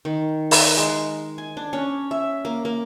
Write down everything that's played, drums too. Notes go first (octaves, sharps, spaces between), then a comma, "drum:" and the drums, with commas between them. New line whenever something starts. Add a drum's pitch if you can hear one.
D#3
A#4, drum: open hi-hat
G#3
G#5
D4
C#4
E5
A#3
A#3